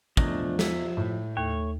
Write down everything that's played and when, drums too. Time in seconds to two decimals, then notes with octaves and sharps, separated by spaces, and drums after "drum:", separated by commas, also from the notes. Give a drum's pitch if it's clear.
0.17 E2 F3 A3 D4 D#5, drum: kick
0.59 E5, drum: snare
0.97 A2
1.37 D#2 A3 C#5